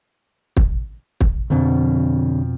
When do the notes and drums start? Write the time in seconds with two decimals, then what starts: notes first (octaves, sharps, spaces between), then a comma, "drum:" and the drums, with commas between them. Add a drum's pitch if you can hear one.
0.57 drum: kick
1.21 drum: kick
1.50 F2 B2 D3 C4 D4